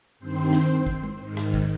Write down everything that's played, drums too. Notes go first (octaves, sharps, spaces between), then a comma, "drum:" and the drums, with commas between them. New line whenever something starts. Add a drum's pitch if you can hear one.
G2 D#3 C4 C5
drum: rim click
drum: kick G#1
drum: tom G#3
G#2 D#3
drum: rim click
drum: kick G#1